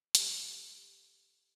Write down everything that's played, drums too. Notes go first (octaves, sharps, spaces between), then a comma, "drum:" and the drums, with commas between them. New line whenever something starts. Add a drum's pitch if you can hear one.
G4 A4, drum: hi-hat